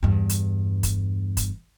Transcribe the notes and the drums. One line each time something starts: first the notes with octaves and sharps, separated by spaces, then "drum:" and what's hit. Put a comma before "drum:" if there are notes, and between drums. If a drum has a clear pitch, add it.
E2 G2
drum: hi-hat
drum: kick, hi-hat
drum: kick, hi-hat